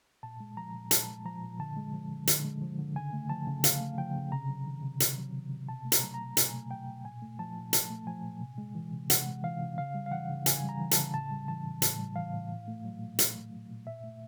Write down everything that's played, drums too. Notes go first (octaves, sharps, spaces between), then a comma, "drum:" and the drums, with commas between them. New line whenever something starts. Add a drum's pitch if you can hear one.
A#2 A5
G#3
F3 A#5
A#2
A#2 A5, drum: hi-hat
G#3
F3 A#5
A#2
D3 A5
G#3
F3
D3
D3, drum: hi-hat
G#3
F3
D3
C#3 G#5
A3
F3 A5
C#3
C#3 F5, drum: hi-hat
A3
F3 G5
C#3
C3 A#5
F#3
D#3
C3
C3, drum: hi-hat
F#3
D#3
C3
B2 A5
A3
A#5, drum: hi-hat
F#3
A#5
B2
B2 G#5, drum: hi-hat
A3
F#3 G5
B2
A#2 G#5
A3
F3 A5
A#2
A#2 A5, drum: hi-hat
A3
F3 G#5
A#2
C3
G#3
E3
C3
C3 F#5, drum: hi-hat
G#3
E3 F5
C3
C#3 F5
G3
F5
E3 F#5
C#3
C#3 G#5, drum: hi-hat
G3
A#5
E3
A5, drum: hi-hat
C#3
A2 A5
G3
E3 A5
A2
A2 A5, drum: hi-hat
G3
E3 F5
A2
A#2
A3
F#3
A#2
A#2, drum: hi-hat
A3
F#3
A#2
A#2 E5
A3